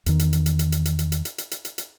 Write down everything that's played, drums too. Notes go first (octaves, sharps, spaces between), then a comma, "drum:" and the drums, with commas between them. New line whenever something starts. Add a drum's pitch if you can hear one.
E2 D#3, drum: hi-hat
drum: hi-hat
drum: hi-hat
drum: hi-hat
drum: hi-hat
drum: hi-hat
drum: hi-hat
drum: hi-hat
drum: hi-hat
drum: hi-hat
drum: hi-hat
drum: hi-hat
drum: hi-hat
drum: hi-hat